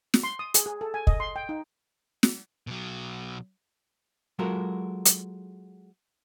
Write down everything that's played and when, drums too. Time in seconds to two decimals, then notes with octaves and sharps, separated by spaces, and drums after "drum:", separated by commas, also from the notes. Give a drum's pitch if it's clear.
0.14 drum: snare
0.24 C6
0.39 D#6
0.54 G#4, drum: hi-hat
0.66 G#4
0.81 A4
0.94 G#5
1.07 D#5, drum: kick
1.20 C6
1.36 G5
1.49 D#4
2.23 drum: snare
2.67 B2 F#3
4.39 F#3 G#3 F4 F#4 A4 A#4
5.06 drum: hi-hat